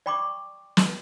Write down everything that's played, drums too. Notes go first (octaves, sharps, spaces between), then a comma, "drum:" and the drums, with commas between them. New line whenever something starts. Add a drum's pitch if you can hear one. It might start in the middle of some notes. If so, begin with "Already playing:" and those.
D5 G5 B5 C#6 D6
drum: snare